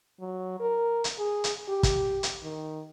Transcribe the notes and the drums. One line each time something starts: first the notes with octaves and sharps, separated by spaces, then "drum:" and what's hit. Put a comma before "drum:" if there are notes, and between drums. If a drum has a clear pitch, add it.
F#3
A#4
drum: hi-hat
G#4
drum: hi-hat
G4
drum: kick, hi-hat
drum: hi-hat
D#3